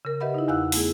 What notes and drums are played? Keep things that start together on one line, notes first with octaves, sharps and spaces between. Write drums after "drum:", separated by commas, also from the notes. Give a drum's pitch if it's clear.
C#3 A#4
G4 B4 D#5 E5 F#5 B5
D#4 E4
E2 E4 F5 F#5 E6 F#6
A3 B3 E4 G#4, drum: open hi-hat